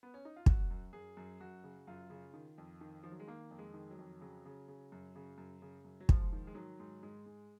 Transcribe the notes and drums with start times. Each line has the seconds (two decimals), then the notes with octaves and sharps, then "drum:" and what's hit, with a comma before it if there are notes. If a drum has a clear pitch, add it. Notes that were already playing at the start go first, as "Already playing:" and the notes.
0.03 B3
0.14 C#4
0.25 D#4
0.36 F4
0.46 F#2 F#4, drum: kick
0.71 F#2
0.93 F#2 G#4
1.17 F#2
1.40 F#2 F#4
1.64 C#3
1.87 F#2 F4
2.10 C#3
2.34 D#3
2.58 F2
2.81 D#3
3.03 D#3 F3
3.12 F#3
3.19 G#3
3.27 D#3 A#3
3.51 F2
3.58 G#3
3.74 D#3
3.91 F#3
3.98 F2
4.21 C#3 F#3
4.45 C#3
4.68 C#3
4.92 F#2
5.16 C#3
5.38 F#2
5.62 C#3
5.85 F#2
6.01 F#3
6.09 G#2 F3, drum: kick
6.33 D#3
6.47 G#3
6.55 D#3 F#3
6.79 G#2
7.03 G#2 G#3
7.26 G#2